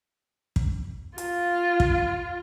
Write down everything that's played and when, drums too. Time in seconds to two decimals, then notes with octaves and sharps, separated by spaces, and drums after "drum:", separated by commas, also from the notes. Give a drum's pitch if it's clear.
0.56 drum: kick
1.18 F4, drum: hi-hat
1.80 drum: kick